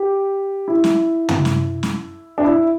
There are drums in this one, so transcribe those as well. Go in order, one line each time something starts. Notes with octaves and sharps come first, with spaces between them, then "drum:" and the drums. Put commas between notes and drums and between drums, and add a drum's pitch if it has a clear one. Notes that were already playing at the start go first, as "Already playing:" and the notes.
Already playing: G4
E4
drum: snare
drum: tom
drum: snare
drum: snare
D4
E4